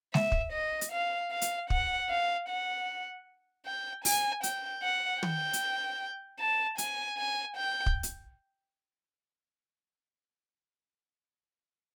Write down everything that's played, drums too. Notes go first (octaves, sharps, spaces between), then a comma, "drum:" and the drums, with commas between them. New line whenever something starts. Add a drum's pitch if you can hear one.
E5, drum: snare G#3
drum: kick
D#5
drum: hi-hat
F5
F5
drum: hi-hat
F#5, drum: kick
F5
F#5
G5
G#5, drum: open hi-hat
G5, drum: hi-hat
F#5
G5, drum: tom
drum: hi-hat
A5
G#5, drum: hi-hat
G#5
G5
drum: kick
drum: hi-hat